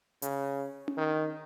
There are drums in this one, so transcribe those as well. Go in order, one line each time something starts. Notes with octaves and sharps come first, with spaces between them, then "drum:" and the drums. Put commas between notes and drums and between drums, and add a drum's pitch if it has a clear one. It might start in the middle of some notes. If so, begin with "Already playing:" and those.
C#3, drum: hi-hat
drum: tom C#4
D#3